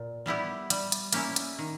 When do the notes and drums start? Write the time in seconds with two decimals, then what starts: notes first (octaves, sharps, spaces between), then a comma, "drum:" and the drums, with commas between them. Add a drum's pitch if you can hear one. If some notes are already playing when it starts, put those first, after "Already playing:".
Already playing: A#2
0.26 G3 B3 E4 G4
0.70 G3, drum: hi-hat
0.92 drum: hi-hat
1.13 A#3 C#4 E4 G4, drum: hi-hat
1.36 drum: hi-hat
1.59 D#3